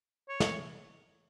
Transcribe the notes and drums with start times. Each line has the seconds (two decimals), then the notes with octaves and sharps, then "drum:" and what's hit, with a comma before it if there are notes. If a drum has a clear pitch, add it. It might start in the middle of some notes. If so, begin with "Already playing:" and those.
0.28 C#5
0.40 drum: snare